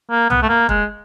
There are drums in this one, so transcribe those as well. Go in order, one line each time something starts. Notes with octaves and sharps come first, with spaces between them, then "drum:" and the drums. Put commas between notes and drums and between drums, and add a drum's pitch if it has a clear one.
A#3
B3, drum: tom C2
A3
A#3
G#3, drum: kick